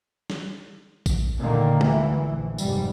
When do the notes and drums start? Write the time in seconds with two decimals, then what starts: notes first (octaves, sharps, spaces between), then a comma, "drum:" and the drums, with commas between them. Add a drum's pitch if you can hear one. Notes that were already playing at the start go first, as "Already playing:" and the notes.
0.30 drum: snare
1.06 drum: kick A1, tambourine
1.40 A#2 D3 D#3 A#3
1.81 D2 E3, drum: tom G#3
2.23 A#1
2.58 F1 G#2 G3, drum: tambourine